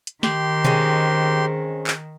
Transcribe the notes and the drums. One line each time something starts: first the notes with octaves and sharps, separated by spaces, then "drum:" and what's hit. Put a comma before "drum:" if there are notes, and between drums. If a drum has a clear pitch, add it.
drum: hi-hat
D#3 G4 C6, drum: snare
G#3 C4 C#4, drum: tom B2
drum: clap